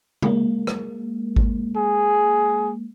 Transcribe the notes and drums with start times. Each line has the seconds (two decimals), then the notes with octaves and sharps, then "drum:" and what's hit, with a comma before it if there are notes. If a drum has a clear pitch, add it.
0.22 G#3 A#3, drum: tom
0.67 drum: rim click
1.36 drum: kick G#1
1.76 G#4